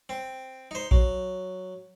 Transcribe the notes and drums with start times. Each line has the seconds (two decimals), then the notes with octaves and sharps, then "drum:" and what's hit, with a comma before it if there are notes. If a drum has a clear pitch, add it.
0.09 C4
0.71 D#4 C5
0.91 F#3, drum: kick A#1